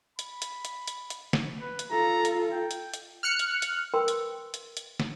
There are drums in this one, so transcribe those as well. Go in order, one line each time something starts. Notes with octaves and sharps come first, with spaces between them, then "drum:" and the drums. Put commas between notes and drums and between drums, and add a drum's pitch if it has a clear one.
B5, drum: hi-hat
drum: hi-hat
drum: hi-hat
drum: hi-hat
drum: hi-hat
drum: snare
B4
drum: hi-hat
F4 A4 A#5
drum: hi-hat
G5
drum: hi-hat
drum: hi-hat
F6 F#6 C#7
drum: hi-hat
drum: hi-hat
A#4 B4 G5 C6 E6
drum: hi-hat
drum: hi-hat
drum: hi-hat
drum: snare